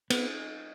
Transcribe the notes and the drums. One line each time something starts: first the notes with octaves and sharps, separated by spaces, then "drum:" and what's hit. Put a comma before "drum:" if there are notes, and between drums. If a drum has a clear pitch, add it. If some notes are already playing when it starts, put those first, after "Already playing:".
B3, drum: cymbal